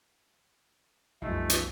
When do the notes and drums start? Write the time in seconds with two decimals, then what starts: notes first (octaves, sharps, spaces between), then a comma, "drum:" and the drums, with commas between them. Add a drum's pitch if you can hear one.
1.22 C2 F#2 F3 A3 D#4 E4
1.50 drum: hi-hat